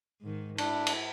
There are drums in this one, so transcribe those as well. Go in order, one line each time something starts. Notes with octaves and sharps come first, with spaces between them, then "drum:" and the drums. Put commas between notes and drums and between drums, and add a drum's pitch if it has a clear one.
G#2 D#3
D4 E4, drum: cymbal
drum: cymbal